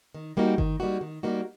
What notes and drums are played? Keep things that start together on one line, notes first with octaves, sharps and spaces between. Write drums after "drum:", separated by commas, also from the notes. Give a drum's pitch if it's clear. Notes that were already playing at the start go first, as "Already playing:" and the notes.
D#3
G3 A#3 D#4 F#4
D#3, drum: kick G1
G3 A#3 D#4 F#4
D#3
G3 A#3 D#4 F#4